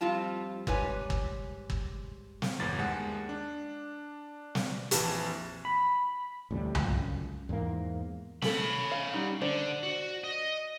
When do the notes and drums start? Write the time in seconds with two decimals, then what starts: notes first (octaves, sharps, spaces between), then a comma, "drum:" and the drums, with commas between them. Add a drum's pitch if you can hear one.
0.01 F2 G3 C4 F4 A5
0.67 G#2 G3 B4 C#5 G#5, drum: kick
1.10 drum: kick
1.70 drum: kick
2.42 drum: snare
2.60 G1 E2 A6
2.78 D#2 G#3 F#5
3.29 D4
4.55 drum: snare
4.91 A#1 F2 E3 A5 E7, drum: hi-hat
5.65 B5
6.51 A1 D2 C3 G3
6.75 C#2 F#2, drum: tom C2
7.49 E2 G#2 E3 A#3
8.42 A3 C#4 A4 B5, drum: snare
8.91 F5
9.12 G3 D#4 F#5
9.42 D3 D4 C5
9.83 F#4
10.24 D#5